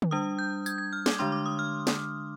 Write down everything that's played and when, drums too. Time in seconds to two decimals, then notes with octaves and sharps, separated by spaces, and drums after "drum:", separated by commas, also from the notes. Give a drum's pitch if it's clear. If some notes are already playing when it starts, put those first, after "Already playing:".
0.02 drum: tom D3
0.11 G3 D4 D#6
0.39 G6
0.66 G#6, drum: tambourine
0.78 G#6
0.93 F6
1.06 D6, drum: snare
1.19 D3 G#3 D4 C6
1.32 D6
1.46 D#6
1.59 F6
1.87 drum: snare